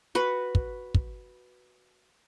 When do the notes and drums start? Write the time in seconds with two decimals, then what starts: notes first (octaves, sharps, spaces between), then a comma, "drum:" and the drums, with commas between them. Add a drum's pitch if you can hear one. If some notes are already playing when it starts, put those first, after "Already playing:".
0.15 F#4 B4
0.55 drum: kick
0.95 drum: kick